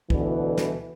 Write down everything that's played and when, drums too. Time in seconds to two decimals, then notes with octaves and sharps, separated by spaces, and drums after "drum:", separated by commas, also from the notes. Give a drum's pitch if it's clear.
0.10 D2 B2 D3 E3, drum: kick
0.57 drum: snare